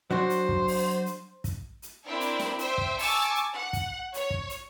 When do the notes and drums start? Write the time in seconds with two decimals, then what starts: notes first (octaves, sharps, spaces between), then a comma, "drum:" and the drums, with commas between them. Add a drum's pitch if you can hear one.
0.11 F#3 D4 F#4 C5
0.30 drum: hi-hat
0.49 drum: kick
0.68 drum: open hi-hat
1.06 drum: hi-hat
1.44 drum: kick, hi-hat
1.82 drum: hi-hat
2.07 C4 D4 E4 A#4 G5
2.20 drum: hi-hat
2.40 drum: snare
2.59 C5 E5 G5, drum: hi-hat
2.78 drum: kick
2.99 G#5 A5 C#6 D6 E6, drum: open hi-hat
3.35 drum: hi-hat
3.54 F#5
3.73 drum: kick, hi-hat
4.14 C#5, drum: hi-hat
4.30 drum: kick
4.50 drum: hi-hat